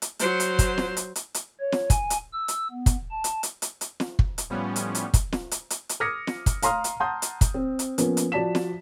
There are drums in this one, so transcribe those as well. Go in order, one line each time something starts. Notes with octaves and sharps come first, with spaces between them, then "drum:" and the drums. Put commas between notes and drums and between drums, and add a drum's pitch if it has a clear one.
drum: hi-hat
F#3 C5, drum: hi-hat
drum: hi-hat
drum: kick, hi-hat
drum: snare
drum: hi-hat
drum: hi-hat
drum: hi-hat
C#5
drum: snare
G#5, drum: kick, hi-hat
drum: hi-hat
E6
drum: hi-hat
B3
drum: kick, hi-hat
A5
drum: hi-hat
drum: hi-hat
drum: hi-hat
drum: hi-hat
drum: snare
drum: kick
drum: hi-hat
A2 F3 G3 B3 C#4
drum: hi-hat
drum: hi-hat
drum: kick, hi-hat
drum: snare
drum: hi-hat
drum: hi-hat
drum: hi-hat
D6 D#6 F6 G#6 A#6 C#7
drum: snare
drum: kick, hi-hat
F5 A#5 C6 D#6 F6, drum: hi-hat
drum: hi-hat
F#5 A5 A#5 C6 D#6 G6
drum: hi-hat
drum: kick, hi-hat
C4
drum: hi-hat
F3 A#3 B3 C#4, drum: hi-hat
drum: hi-hat
F3 F#4 D5 A5 B6 E7
drum: snare